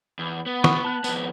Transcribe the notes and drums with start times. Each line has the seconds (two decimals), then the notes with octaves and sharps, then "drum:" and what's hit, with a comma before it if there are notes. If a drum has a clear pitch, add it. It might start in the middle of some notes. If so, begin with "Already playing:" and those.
0.19 E2
0.46 B3
0.64 F#5 C#6 D#6, drum: snare
0.85 A5 F#6
1.04 F2 B3, drum: tambourine